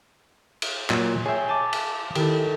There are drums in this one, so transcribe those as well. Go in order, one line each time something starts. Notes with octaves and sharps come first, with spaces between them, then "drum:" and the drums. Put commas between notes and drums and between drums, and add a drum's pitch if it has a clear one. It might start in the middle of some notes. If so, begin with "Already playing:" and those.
drum: cymbal
A#2 F#3, drum: clap
G#4 C#5 E5 G5
G#5 A5 D6
drum: cymbal
D#3 E4 G4 A4, drum: cymbal